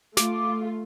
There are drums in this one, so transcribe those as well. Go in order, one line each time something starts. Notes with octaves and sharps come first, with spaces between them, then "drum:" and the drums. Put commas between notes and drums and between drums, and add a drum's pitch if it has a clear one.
A3 F4 D6, drum: snare